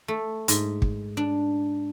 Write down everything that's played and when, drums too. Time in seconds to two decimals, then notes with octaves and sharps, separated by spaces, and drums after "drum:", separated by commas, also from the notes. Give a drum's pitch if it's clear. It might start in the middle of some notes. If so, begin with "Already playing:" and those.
0.08 A3
0.48 G#2, drum: hi-hat
0.82 drum: kick
1.17 D4